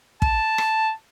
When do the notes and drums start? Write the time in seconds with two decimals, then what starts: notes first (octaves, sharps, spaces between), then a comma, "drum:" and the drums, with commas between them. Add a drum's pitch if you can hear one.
0.22 A5, drum: kick
0.58 drum: rim click